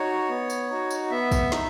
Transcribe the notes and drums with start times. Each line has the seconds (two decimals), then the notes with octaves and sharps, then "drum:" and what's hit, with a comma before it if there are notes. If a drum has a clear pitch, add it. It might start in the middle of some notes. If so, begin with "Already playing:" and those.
Already playing: D#4 F#4 C#5
0.29 B3
0.50 drum: tambourine
0.70 D#4 F#4
0.91 drum: tambourine
1.10 B3 E5
1.31 drum: kick, tambourine
1.52 D#4, drum: snare